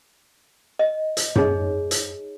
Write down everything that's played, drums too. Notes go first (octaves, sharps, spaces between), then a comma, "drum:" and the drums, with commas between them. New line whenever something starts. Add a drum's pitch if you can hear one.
D#5
drum: hi-hat
D#4 G#4 C#5, drum: tom F#2
drum: hi-hat